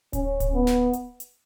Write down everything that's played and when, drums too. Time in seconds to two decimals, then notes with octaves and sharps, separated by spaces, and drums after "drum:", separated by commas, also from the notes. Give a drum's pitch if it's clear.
0.13 C#4, drum: kick D1, hi-hat
0.40 drum: kick D1, hi-hat
0.54 B3
0.67 drum: snare
0.93 drum: hi-hat
1.20 drum: hi-hat